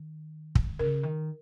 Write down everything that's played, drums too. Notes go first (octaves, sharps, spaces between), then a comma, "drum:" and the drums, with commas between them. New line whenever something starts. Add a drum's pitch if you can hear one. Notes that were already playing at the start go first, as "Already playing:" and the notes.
Already playing: D#3
drum: kick
C#3 A#4
D#3